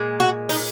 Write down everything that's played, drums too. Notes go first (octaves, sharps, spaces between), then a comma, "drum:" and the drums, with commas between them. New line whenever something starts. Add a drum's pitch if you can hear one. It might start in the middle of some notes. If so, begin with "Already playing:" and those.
Already playing: A#2 G#3
F#4
D#4, drum: open hi-hat